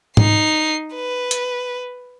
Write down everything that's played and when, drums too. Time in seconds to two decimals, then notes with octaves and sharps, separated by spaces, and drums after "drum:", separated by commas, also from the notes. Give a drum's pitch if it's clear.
0.17 D#4 C7, drum: tom G#2
0.95 B4
1.31 drum: hi-hat